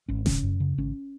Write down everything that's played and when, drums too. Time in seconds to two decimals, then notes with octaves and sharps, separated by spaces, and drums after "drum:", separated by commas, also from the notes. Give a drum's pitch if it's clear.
0.09 G#1 C#4
0.26 C#3 C#4, drum: snare D#1
0.43 F#2
0.60 C#3
0.78 G#1 C#4